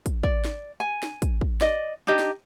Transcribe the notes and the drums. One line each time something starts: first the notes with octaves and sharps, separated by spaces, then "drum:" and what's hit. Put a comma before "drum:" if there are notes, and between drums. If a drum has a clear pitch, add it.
drum: kick, hi-hat
D5, drum: kick
drum: snare
G#5
drum: snare
drum: kick, hi-hat
drum: kick
D5 D#5, drum: snare
D4 D#4 G4 D#5
drum: snare